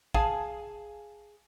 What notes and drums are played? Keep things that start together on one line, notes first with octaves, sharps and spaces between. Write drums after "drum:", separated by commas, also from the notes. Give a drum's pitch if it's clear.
G#4 F5 G#5 A5, drum: kick A1